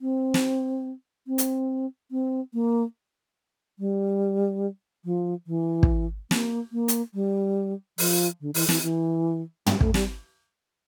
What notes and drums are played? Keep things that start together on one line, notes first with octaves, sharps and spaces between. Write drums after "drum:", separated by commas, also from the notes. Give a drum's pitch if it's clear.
C4
drum: snare
C4
drum: hi-hat
C4
A#3
G3
F3
E3
drum: kick
A#3, drum: snare
A#3
drum: hi-hat
G3
F3, drum: open hi-hat
D3
E3, drum: open hi-hat
E3, drum: snare
E3
G3, drum: tom
A3, drum: kick
G3, drum: snare